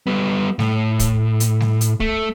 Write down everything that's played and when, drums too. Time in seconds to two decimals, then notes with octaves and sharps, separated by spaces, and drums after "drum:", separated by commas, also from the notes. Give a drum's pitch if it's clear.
0.07 G3 B3
0.59 A2, drum: snare G3
0.99 drum: kick, hi-hat
1.40 drum: hi-hat
1.60 drum: snare G3
1.81 drum: hi-hat
2.00 A3, drum: kick